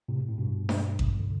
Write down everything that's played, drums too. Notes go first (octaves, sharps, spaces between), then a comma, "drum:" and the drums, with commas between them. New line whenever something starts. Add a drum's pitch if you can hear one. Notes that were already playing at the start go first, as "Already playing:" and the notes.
A2 C3
A2
G2 B2
drum: snare D4
drum: kick A1
D3